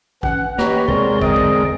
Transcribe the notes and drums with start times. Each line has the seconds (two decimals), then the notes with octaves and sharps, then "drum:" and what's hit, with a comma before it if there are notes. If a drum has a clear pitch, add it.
0.23 E3 C#4 F#5, drum: kick
0.59 A#3 G4 B4 C#5 D#5 A#5, drum: snare
0.88 D#2 C3 G#3 C4 A#4 D5 C6
1.21 E2 D3 D5 D#5 G5, drum: kick
1.36 drum: kick